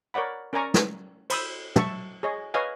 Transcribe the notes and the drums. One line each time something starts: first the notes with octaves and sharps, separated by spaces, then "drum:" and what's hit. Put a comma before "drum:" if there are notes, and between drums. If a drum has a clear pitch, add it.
A#4 C#5 D5 F#5 B5
C#4 A#4 D5 G#5 A#5 C#6
drum: snare
C5 B5 D#6 E6, drum: cymbal
E5 A5 C#6, drum: tom
G#4 C#5 D#5
B4 C#5 D#5 F5 G#5